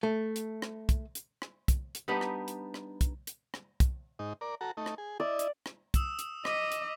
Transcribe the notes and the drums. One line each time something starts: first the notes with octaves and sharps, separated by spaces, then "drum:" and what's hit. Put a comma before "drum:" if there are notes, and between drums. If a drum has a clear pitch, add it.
A3
drum: hi-hat
drum: rim click
drum: kick, hi-hat
drum: hi-hat
drum: rim click
drum: kick, hi-hat
drum: hi-hat
G3 B3 D4 D#4
drum: rim click
drum: hi-hat
drum: rim click
drum: kick, hi-hat
drum: hi-hat
drum: rim click
drum: kick, hi-hat
G#2 D#4
A#4 D5
F#4 A4 A#5
A3 D#4
drum: rim click
G#4
E4 D5 D#5
drum: hi-hat
drum: rim click
D#6 E6 E7, drum: kick, hi-hat
drum: hi-hat
D#5 D6 E6 B6, drum: rim click
drum: hi-hat